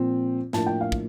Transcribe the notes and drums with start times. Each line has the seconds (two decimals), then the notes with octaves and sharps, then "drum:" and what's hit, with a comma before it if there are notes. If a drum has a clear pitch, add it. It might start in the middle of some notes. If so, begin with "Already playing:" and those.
Already playing: A#2 F3 C4
0.53 A2 F3 A#3 D4 A5, drum: snare
0.66 G5
0.81 F5
0.92 drum: kick